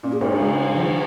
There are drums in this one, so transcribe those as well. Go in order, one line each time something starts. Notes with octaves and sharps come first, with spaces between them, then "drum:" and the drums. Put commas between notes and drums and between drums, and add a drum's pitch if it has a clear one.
A#2 C#4
G#4
G#2 A#4, drum: cymbal
G#4
C#3 G#3
D#3 F3